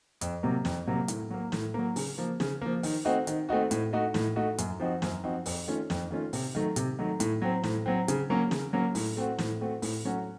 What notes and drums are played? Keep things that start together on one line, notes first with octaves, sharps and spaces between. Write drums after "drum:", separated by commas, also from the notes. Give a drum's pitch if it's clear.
F2, drum: hi-hat
C3 F#3 A#3
F2, drum: snare
C3 F#3 A#3
A2, drum: hi-hat
F#3 A#3
A2, drum: snare
F#3 A#3
C#3, drum: open hi-hat
F3 A#3
C#3, drum: snare
F3 A#3
D#3, drum: open hi-hat
A3 C4 D#4 F#4
D#3, drum: hi-hat
A3 C4 D#4 F#4
A2, drum: hi-hat
A3 D#4 F#4
A2, drum: snare
A3 D#4 F#4
F#2, drum: hi-hat
F3 C4 D#4 F#4
F#2, drum: snare
F3 C4 D#4 F#4
F2, drum: open hi-hat
D#3 A3 C#4 F4
F2, drum: snare
D#3 A3 C#4 F4
C3, drum: open hi-hat
D#3 F#3 A3
C3, drum: hi-hat
D#3 F#3 A3
A2, drum: hi-hat
F#3 C4
A2, drum: snare
F#3 C4
C#3, drum: hi-hat
F#3 A#3 C#4
C#3, drum: snare
F#3 A#3 C#4
A2, drum: open hi-hat
A3 C4 F#4
A2, drum: snare
A3 C4 F#4
A2, drum: open hi-hat
F#3 A3 C#4 F#4